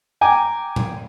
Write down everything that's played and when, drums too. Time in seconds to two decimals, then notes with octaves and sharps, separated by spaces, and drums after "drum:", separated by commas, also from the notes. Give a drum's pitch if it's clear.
0.21 G5 G#5 A#5 D6
0.76 drum: tom A2